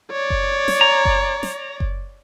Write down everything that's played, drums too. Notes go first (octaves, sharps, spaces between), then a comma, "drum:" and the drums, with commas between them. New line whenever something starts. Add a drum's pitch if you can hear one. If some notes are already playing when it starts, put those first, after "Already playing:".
C#5 D5
drum: kick F#1
drum: snare
A#5
drum: kick F#1
drum: snare
drum: kick F#1